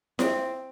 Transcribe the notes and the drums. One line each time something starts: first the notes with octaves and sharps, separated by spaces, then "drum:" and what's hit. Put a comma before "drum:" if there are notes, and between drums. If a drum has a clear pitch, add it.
C4, drum: snare E4